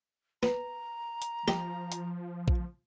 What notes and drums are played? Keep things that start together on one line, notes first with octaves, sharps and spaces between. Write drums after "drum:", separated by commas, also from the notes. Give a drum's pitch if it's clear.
B3 A#5, drum: snare
drum: hi-hat
F3 G4 D#5, drum: snare
drum: hi-hat
drum: kick A#1